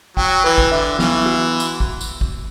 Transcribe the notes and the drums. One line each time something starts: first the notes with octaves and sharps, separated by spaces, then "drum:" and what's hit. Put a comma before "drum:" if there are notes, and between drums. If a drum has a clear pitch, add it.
F#3 G5, drum: kick G#1
E3 B4
drum: kick G#1
D3 E5
E3 B3, drum: snare
F#4
drum: tambourine
drum: kick G#1
drum: tambourine
drum: kick G#1